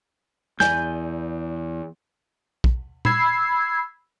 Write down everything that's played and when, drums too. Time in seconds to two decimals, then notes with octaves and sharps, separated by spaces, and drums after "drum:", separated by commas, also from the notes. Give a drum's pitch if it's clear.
0.60 E2 B4 D5 G#5 G6, drum: snare
2.64 drum: kick
3.05 B5 E6 G#6 C7, drum: tom A#2